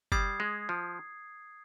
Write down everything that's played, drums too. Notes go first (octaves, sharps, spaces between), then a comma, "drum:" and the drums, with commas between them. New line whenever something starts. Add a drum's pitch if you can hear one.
G3 D#6 G#6 C7, drum: kick F#1
G#3
F3